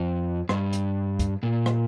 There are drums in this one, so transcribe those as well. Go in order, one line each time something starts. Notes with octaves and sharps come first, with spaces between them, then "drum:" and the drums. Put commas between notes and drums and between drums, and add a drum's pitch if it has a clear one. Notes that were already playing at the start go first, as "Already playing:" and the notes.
Already playing: F2
G2, drum: rim click
drum: hi-hat
drum: kick, hi-hat
A#2
drum: rim click